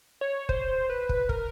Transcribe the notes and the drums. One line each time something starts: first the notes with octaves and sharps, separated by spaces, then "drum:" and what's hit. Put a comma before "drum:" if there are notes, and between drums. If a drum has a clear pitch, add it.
C#5
C5, drum: kick
B4
drum: kick
A#4, drum: kick